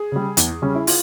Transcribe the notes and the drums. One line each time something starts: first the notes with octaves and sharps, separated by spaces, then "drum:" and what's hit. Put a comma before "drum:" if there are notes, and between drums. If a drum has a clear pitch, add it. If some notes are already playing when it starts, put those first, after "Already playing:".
Already playing: G#4
C#3 G3
E2, drum: hi-hat
C#3 G3 C#4
E4
F4, drum: open hi-hat